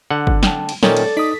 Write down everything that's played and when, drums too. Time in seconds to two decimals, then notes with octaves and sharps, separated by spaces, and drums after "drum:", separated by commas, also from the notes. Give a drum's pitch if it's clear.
0.11 D3 F#5
0.27 drum: kick
0.43 G5 A5, drum: snare
0.69 drum: cymbal
0.83 A#2 D#3 C#4 A4 C#5 D5 A6, drum: snare
0.97 drum: cymbal
1.17 D#4 D5 D#6 B6